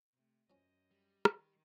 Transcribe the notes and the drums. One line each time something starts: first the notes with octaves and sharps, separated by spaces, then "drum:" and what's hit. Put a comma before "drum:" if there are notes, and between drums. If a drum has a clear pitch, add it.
C3 A3
F#2 F3 C#4 D#5
G3
D#3 B4, drum: rim click